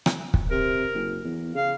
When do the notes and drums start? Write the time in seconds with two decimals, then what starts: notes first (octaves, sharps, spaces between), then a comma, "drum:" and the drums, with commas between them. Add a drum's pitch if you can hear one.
0.06 drum: rim click
0.34 drum: kick
0.51 C3 A#4
0.95 F#1
1.24 E2
1.55 C#3 F5